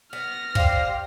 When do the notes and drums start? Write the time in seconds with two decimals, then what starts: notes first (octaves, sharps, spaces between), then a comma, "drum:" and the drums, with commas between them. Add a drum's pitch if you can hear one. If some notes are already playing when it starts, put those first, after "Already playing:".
0.13 B3 F6 A#6
0.55 G3 G4 C5 F5, drum: kick